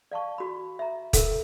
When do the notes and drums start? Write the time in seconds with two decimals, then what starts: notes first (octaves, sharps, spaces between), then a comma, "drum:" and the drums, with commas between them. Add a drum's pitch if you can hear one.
0.12 D5 F5 A5 C#6
0.38 F#4 B5
0.79 E5 A#5
1.13 A4 A#4, drum: kick, hi-hat